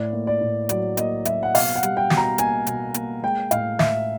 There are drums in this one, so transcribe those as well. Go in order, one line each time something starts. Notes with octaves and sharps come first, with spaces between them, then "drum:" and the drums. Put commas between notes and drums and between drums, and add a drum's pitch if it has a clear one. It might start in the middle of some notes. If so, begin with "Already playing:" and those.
Already playing: A2 D5
A#3
D5
A2
F#3 D5, drum: hi-hat
A#3 D#5, drum: hi-hat
F#3 E5, drum: hi-hat
F#5
B2 F5, drum: open hi-hat
F#5
G3, drum: hi-hat
G5
B2, drum: snare
A#5
A#3 G#5, drum: hi-hat
B2, drum: hi-hat
A#3, drum: hi-hat
G#3 G5
A2 F5, drum: hi-hat
A2 E5, drum: snare